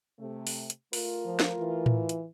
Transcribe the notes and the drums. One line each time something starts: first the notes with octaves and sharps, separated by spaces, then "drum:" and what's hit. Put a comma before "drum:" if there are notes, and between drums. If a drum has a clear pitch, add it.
C3 A3
drum: open hi-hat
drum: hi-hat
A3 F4 A#4, drum: open hi-hat
F3
drum: snare
E3
drum: tom A2
drum: hi-hat